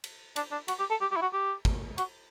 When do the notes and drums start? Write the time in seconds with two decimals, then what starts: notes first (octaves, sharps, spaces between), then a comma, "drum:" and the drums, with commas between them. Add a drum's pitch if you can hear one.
0.04 drum: cymbal
0.36 D4, drum: cymbal
0.52 D4
0.68 F#4, drum: cymbal
0.79 G4
0.90 A4
1.01 G4
1.11 G4
1.17 E4
1.22 F#4
1.33 G4
1.65 drum: kick
1.98 F#4, drum: cymbal